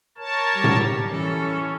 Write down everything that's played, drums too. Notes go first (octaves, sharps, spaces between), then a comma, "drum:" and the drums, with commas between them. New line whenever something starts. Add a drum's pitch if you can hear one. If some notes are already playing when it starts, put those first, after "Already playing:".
A#4 C#5 A5
G3 G4
drum: tom A2
E3 C#4 A4